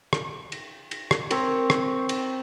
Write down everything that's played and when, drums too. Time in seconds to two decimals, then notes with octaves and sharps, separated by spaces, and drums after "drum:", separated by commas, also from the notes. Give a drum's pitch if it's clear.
0.13 drum: rim click
0.52 drum: cymbal
0.91 drum: cymbal
1.11 drum: rim click
1.31 C4 A#4 C#5, drum: cymbal
1.70 drum: rim click
2.09 drum: cymbal